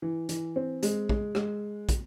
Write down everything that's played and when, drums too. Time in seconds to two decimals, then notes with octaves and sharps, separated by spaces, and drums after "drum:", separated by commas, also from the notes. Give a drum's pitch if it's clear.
0.02 E3
0.29 E3, drum: hi-hat
0.56 C4
0.83 G#3, drum: hi-hat
1.09 G#3, drum: kick
1.35 G#3, drum: rim click
1.89 drum: kick, hi-hat